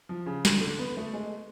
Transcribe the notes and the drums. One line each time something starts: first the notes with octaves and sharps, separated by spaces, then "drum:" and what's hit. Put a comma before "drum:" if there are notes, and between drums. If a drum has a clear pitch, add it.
F3
C#3
D3, drum: snare
D3
B3
A3
G#3